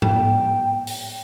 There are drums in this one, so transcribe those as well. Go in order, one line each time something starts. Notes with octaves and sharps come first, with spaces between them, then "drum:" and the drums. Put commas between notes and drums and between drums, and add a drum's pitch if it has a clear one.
G5, drum: tom G#2
drum: open hi-hat